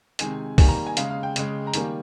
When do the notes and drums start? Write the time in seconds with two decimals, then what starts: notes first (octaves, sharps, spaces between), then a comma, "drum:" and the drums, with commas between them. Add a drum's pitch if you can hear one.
0.19 C3 D#3 G#3 G#5, drum: hi-hat
0.58 D#3 G3 A#3 G#5, drum: kick, open hi-hat
0.68 A#5
0.86 G#5
0.97 C#3 G#3 F5, drum: hi-hat
1.10 F5
1.23 G5
1.36 C#3 G#3, drum: hi-hat
1.67 A#5
1.74 D#3 G3 A#3 G#5, drum: hi-hat